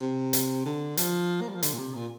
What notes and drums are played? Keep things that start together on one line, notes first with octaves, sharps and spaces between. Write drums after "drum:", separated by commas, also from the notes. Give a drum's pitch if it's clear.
C3
drum: hi-hat
D3
F3, drum: hi-hat
A#3
G3
F3
D3, drum: hi-hat
A#2
C3
A#2